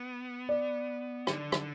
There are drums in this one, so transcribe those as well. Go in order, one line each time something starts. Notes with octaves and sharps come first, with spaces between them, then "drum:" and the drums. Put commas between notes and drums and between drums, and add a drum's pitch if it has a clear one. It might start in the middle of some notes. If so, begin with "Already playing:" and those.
Already playing: B3
D5
D3, drum: rim click
drum: rim click